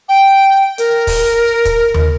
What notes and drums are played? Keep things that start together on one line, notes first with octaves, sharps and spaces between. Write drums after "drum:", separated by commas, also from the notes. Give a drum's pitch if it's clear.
G5
A#4, drum: hi-hat
drum: kick, open hi-hat
drum: kick, hi-hat
drum: tom D#2